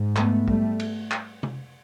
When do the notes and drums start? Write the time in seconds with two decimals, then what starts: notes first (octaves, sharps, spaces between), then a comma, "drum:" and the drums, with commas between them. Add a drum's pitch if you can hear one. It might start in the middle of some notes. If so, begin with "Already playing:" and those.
Already playing: G#2
0.16 A3 B3, drum: clap
0.48 G3 A3, drum: kick
0.80 drum: cymbal
1.11 drum: clap
1.43 drum: tom C3